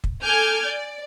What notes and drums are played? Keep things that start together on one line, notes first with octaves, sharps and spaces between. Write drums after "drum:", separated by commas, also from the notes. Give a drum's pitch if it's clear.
drum: kick
A4 G#5 D6 F6 G6 G#6
D5